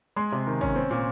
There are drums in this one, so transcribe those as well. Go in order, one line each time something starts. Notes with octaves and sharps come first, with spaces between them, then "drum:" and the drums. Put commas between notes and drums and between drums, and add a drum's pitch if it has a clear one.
G#3 G#5 C6
C3
D#3
C#4, drum: kick
C4
A#2